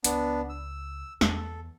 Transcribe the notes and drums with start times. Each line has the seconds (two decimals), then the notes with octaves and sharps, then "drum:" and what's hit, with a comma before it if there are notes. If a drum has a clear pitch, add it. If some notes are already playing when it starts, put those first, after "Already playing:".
0.04 C#2 B3 D4, drum: hi-hat
0.49 E6
1.21 E2 A4, drum: snare